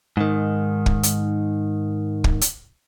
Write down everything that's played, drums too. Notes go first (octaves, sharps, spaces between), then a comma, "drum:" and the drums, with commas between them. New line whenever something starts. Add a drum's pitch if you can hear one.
G#2 D#3
drum: kick
drum: hi-hat
drum: kick
drum: hi-hat